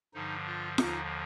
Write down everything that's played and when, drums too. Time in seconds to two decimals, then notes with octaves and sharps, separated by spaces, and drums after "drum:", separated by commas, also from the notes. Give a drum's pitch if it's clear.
0.14 G2 D3 F3 D#4
0.46 F4
0.78 D#2 D3 F3 D#4, drum: snare F4